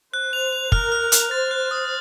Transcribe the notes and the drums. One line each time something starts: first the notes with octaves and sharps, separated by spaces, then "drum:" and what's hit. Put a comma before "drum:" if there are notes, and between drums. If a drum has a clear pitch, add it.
C5 F#6
F7
F7
A#4 F6, drum: kick
F6
F6, drum: hi-hat
C5 A6
F#6
D#6